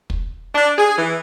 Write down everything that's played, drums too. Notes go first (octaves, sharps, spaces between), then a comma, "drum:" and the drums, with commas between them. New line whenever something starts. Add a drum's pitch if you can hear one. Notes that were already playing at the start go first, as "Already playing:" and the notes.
drum: kick
D4
G#4
E3